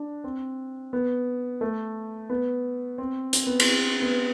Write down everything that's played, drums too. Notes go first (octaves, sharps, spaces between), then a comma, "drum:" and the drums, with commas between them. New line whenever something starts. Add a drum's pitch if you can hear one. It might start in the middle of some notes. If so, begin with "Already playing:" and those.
Already playing: D4
C4
B3
A3
B3
C4
C4, drum: hi-hat
B3
C4, drum: cymbal
B3